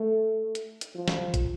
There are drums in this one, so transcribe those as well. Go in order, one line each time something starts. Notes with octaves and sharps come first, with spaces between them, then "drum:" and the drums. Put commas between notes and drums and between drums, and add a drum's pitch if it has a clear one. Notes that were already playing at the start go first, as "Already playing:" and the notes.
Already playing: A3
drum: hi-hat
drum: hi-hat
F3
drum: snare
drum: kick, hi-hat